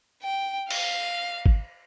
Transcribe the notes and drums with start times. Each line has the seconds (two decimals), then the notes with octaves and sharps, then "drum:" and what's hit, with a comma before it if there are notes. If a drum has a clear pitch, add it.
0.23 G5
0.71 F5, drum: cymbal
1.46 drum: kick G#1